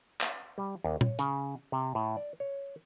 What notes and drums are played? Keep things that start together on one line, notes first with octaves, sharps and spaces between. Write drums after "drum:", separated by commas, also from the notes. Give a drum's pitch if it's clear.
drum: clap
G3
D#2
C#5, drum: tom
C#3, drum: hi-hat
C3
A2
D5
C#5